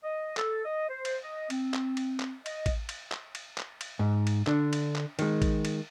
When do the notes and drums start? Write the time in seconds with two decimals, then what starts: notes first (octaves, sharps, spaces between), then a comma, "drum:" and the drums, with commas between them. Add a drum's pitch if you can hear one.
0.03 D#5
0.37 A4, drum: clap
0.65 D#5
0.89 C5
1.05 drum: cymbal
1.23 D#5
1.50 C4, drum: cymbal
1.74 drum: clap
1.97 drum: cymbal
2.20 drum: clap
2.46 D#5, drum: cymbal
2.66 drum: kick A1, cymbal
2.89 drum: cymbal
3.12 drum: clap
3.35 drum: cymbal
3.58 drum: clap
3.81 drum: cymbal
3.99 G#2
4.27 drum: cymbal
4.47 D3 D4, drum: clap
4.73 drum: cymbal
4.96 drum: clap
5.19 D#3 G#3, drum: cymbal
5.42 drum: kick A1, cymbal
5.65 drum: cymbal